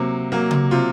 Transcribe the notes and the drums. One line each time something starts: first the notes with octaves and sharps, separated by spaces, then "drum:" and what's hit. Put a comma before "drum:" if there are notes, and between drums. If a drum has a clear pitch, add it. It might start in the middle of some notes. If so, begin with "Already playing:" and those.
Already playing: C3 F#3 A#3
F#3 A#3
drum: tom C#3
C3 F4